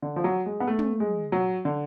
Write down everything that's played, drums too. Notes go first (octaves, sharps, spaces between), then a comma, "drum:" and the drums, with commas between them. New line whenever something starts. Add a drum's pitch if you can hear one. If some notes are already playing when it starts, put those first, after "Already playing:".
D3
F3
F#3
G#3
B3
A3
drum: tom
G#3
F#3
D3